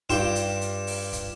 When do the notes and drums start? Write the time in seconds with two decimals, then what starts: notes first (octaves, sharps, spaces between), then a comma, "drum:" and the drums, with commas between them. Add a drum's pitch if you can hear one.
0.10 G2 F4 G4 G5 E7, drum: kick, hi-hat
0.35 drum: hi-hat
0.61 drum: hi-hat
0.87 drum: open hi-hat
1.13 drum: kick, hi-hat